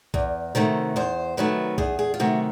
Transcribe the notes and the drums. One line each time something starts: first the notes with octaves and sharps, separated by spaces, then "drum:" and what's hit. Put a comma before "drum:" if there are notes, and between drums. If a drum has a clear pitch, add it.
E2, drum: kick C2
C3 D#3 F#3 A3
E2 C5
C3 D#3 F#3 A3 B4
E2 G#4, drum: kick C2
G#4
F4
C3 D#3 F#3 A3 F#4